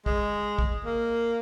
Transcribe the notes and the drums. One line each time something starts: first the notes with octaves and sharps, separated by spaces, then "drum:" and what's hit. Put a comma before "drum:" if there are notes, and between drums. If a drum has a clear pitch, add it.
G#3, drum: kick
drum: kick
A#3